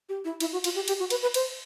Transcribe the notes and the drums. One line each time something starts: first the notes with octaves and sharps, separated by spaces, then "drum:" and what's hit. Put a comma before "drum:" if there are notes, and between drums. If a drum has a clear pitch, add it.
G4
E4
E4, drum: cymbal
F#4
F4, drum: cymbal
G4
G4, drum: cymbal
F#4
B4, drum: cymbal
B4
C5, drum: cymbal